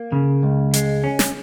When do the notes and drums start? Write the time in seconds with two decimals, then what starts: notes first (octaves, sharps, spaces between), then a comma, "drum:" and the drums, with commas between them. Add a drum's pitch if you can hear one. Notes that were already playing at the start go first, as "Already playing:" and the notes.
Already playing: A#3
0.12 C#3
0.43 C#2
0.74 G#3, drum: hi-hat
1.04 C#4
1.19 drum: snare